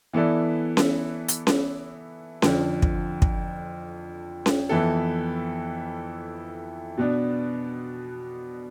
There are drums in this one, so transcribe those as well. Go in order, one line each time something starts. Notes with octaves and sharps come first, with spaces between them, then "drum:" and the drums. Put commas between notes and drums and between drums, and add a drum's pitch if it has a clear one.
E3 B3 E4 A4 D5
drum: snare C#4
drum: hi-hat
drum: snare C#4
F2 D3 F3, drum: snare C#4
drum: kick
drum: kick
drum: snare C#4
F2 E3 B3 E4 A4
B2 B3 D4